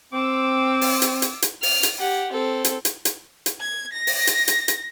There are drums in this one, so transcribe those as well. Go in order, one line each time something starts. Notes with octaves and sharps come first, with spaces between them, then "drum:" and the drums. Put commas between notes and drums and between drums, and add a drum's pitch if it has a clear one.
C4 D6 E6
drum: open hi-hat
drum: hi-hat
drum: hi-hat
drum: hi-hat
F6, drum: open hi-hat
drum: hi-hat
G4 F#5
C4 A4
drum: hi-hat
drum: hi-hat
drum: hi-hat
drum: hi-hat
G#6
A#6
drum: open hi-hat
drum: hi-hat
drum: hi-hat
drum: hi-hat